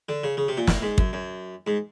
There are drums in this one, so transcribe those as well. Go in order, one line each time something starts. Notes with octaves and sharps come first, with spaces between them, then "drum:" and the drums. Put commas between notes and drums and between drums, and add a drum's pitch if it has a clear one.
D3
C#3
C#3
C3
A#2
A2, drum: snare
G#2
F#2, drum: kick
F#2
G#2